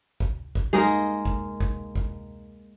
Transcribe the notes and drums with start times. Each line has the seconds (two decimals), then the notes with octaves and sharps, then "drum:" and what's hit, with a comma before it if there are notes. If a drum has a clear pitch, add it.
0.20 drum: kick
0.55 drum: kick
0.73 G#3 A#3 D#4
1.25 drum: kick
1.60 drum: kick
1.95 drum: kick